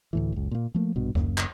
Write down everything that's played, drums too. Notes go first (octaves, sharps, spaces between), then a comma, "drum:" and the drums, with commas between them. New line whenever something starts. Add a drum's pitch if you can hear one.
D2 A2 E3
F#1 C#2
A#2 A#3
F3 A3 A#3
A#1 G2 B2
F#1 F#2 A#3, drum: kick D2
drum: clap